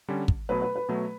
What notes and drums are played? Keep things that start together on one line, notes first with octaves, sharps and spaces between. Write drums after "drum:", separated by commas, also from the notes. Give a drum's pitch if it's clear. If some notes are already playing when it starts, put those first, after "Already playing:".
D3 G3 C#4
drum: kick
B2 F#3 A3 B4
B4
B4
B2 F#3 A3